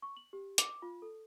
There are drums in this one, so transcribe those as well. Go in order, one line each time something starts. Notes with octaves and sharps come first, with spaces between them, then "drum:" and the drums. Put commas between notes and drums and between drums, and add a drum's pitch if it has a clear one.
C#6
F#7
G4
D6, drum: hi-hat
F4
A4